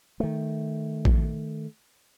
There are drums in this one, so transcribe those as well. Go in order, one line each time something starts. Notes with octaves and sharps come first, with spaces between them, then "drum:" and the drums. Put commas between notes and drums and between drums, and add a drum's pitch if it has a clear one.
D#3 A3
drum: kick A1